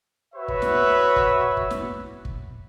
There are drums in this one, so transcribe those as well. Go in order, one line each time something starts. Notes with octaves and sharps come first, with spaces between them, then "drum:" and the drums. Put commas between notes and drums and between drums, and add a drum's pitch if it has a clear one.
F#4 B4 C#5 E5
drum: kick
drum: snare
drum: kick
drum: kick
drum: snare
drum: kick